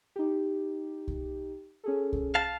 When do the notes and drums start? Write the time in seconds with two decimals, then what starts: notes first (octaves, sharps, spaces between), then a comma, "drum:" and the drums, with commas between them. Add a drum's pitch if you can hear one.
0.16 D#4 G4
1.08 drum: kick C2
1.84 C#4 G#4 A4
2.13 drum: kick C2
2.35 F5 A5